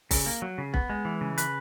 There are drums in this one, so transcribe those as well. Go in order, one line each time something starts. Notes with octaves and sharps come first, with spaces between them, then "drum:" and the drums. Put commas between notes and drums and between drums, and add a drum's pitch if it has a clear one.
C#3, drum: kick, open hi-hat
A#3
F#3
C#3
B3, drum: kick
G#3
E3
C#3
B4, drum: hi-hat